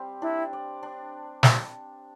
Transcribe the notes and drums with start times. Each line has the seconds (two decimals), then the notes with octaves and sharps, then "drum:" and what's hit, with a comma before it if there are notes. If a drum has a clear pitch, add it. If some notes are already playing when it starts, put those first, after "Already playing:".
Already playing: G3 C4 G4
0.22 D4 E4
0.53 D5
0.83 D4
1.43 drum: snare